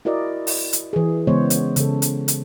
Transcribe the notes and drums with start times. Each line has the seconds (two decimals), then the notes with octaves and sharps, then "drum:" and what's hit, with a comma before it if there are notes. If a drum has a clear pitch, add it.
0.05 E4 F#4 A#4 D5 D#5
0.47 drum: open hi-hat
0.73 drum: hi-hat
0.93 E3 G#4
1.27 C#3 E3 G#3 B3 C5 C#5
1.50 drum: hi-hat
1.76 C#3 A4, drum: hi-hat
2.02 drum: hi-hat
2.28 drum: hi-hat